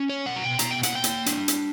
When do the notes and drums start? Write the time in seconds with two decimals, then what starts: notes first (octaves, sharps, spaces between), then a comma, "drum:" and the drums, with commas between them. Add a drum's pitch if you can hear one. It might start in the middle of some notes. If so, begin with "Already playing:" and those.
Already playing: C#4
0.09 C#5
0.26 B2 F#5
0.36 A#5
0.43 G5
0.59 B2 A#5, drum: hi-hat
0.71 G5
0.83 F#5, drum: hi-hat
0.92 A#3 G5
1.04 drum: hi-hat
1.26 D4, drum: hi-hat
1.48 drum: hi-hat